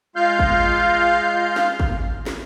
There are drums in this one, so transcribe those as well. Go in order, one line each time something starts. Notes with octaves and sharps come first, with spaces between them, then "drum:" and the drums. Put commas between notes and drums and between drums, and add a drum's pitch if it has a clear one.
G#3 F4 F5 F6 G6
drum: kick
drum: snare
drum: kick
drum: snare